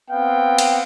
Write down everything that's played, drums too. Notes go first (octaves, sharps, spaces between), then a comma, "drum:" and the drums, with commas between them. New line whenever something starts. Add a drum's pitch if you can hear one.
B3 C4 F5 G5
drum: cymbal